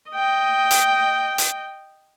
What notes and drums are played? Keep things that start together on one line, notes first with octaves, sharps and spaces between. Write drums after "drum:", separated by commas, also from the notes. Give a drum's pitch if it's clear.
D#5 G5
drum: hi-hat
drum: hi-hat